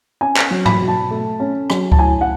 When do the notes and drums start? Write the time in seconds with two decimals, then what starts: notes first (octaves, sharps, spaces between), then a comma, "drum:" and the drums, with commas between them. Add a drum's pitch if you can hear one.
0.21 C#4 G#5
0.37 drum: clap
0.51 F#3
0.66 B5, drum: tom G#2
0.80 B2
0.88 A5
1.11 A3
1.40 C#4
1.70 F#3, drum: rim click
1.92 A5, drum: kick C#2
1.99 A2 G#5
2.21 F#5